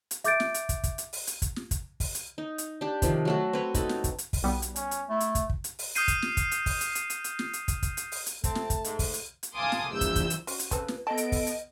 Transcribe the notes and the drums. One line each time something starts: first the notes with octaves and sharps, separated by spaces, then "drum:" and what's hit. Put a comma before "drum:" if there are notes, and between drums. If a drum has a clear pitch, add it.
drum: hi-hat
E5 D6 G6 A6 D7, drum: hi-hat
drum: snare
drum: hi-hat
drum: kick, hi-hat
drum: kick, hi-hat
drum: hi-hat
drum: open hi-hat
drum: hi-hat
drum: kick, hi-hat
drum: snare
drum: kick, hi-hat
drum: kick, open hi-hat
drum: hi-hat
D#4
drum: hi-hat
D4 G4
C3 D#3 F3, drum: kick, hi-hat
F#3 A3 F#4
C4 B4 C#5
D#4 F#4 A4, drum: kick, hi-hat
drum: snare
drum: kick, hi-hat
drum: hi-hat
drum: kick, open hi-hat
B1 G3 B3
drum: hi-hat
C#4, drum: hi-hat
drum: hi-hat
A3 E4
drum: hi-hat
drum: kick, hi-hat
drum: kick
drum: hi-hat
drum: open hi-hat
D#6 F6 G6 C7 D#7, drum: hi-hat
drum: kick, hi-hat
drum: snare
drum: kick, hi-hat
drum: hi-hat
drum: kick, open hi-hat
drum: hi-hat
drum: hi-hat
drum: hi-hat
drum: hi-hat
drum: snare
drum: hi-hat
drum: kick, hi-hat
drum: kick, hi-hat
drum: hi-hat
drum: open hi-hat
drum: hi-hat
A3 C4 A5, drum: kick, hi-hat
drum: snare
drum: kick, hi-hat
G#2, drum: hi-hat
drum: kick, open hi-hat
drum: hi-hat
drum: hi-hat
F5 G#5 A5 C6 D6 D#6
drum: snare
A#1 G2 E3 E6 G6
drum: kick, hi-hat
drum: kick, hi-hat
drum: hi-hat
C#4 F#4 C5, drum: open hi-hat
drum: hi-hat
C#3 C4 A4 B4, drum: kick, hi-hat
drum: snare
B3 A4 D#5 A5 D7
drum: hi-hat
drum: kick, open hi-hat
drum: hi-hat